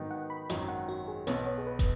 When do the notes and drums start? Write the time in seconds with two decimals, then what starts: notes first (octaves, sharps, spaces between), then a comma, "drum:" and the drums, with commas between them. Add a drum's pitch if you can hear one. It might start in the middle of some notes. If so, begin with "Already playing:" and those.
Already playing: G#2 D#3 F#3 B3 D#4
0.11 F#5
0.30 B5
0.50 G#1 F#2 D#3 F#3 D#5, drum: hi-hat
0.68 F#5
0.89 F#4
1.08 G#4
1.27 B1 B2 B3 C#5, drum: hi-hat
1.47 C#5
1.58 G#4
1.67 B4
1.79 drum: kick, hi-hat